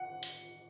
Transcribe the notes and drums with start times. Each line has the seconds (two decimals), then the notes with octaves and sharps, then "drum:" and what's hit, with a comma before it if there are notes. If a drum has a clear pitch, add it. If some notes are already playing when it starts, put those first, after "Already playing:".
Already playing: F#5
0.23 drum: hi-hat